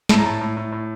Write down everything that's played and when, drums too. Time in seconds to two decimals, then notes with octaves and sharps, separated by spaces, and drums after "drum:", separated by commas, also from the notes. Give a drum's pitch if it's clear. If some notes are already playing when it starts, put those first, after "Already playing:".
0.09 A2 A5, drum: snare
0.19 A#5
0.26 A2 A5
0.41 A2
0.57 A2
0.72 A2